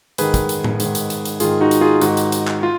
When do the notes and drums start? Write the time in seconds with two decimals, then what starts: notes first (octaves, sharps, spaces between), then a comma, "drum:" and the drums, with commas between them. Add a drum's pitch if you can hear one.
0.18 G#2 D#3 G#4 B4, drum: hi-hat
0.34 drum: kick, hi-hat
0.49 drum: hi-hat
0.64 drum: tom A2
0.80 G#2 D#3, drum: hi-hat
0.95 drum: hi-hat
1.10 drum: hi-hat
1.25 drum: hi-hat
1.40 G#2 D#3 F4 G#4, drum: hi-hat
1.61 D#4 F#4
1.71 drum: hi-hat
1.81 F4 G#4
2.01 G#2 D#3 D#4 F#4, drum: hi-hat
2.17 drum: hi-hat
2.32 drum: hi-hat
2.48 drum: clap
2.63 F4